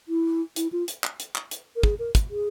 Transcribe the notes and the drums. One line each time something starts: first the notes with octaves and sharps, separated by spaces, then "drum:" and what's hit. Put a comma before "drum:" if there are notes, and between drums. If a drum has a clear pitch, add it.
E4
E4, drum: hi-hat
F4
drum: hi-hat
drum: clap
drum: hi-hat
drum: clap
drum: hi-hat
A#4
G#4, drum: kick
A#4
drum: kick, hi-hat
G#4